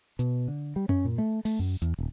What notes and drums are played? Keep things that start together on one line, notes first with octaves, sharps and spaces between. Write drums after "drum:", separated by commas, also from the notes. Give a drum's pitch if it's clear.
B2, drum: hi-hat
D3
G3
C#4, drum: tom F#2
A#2
A3
A3, drum: open hi-hat
F#2
E2, drum: hi-hat
D#1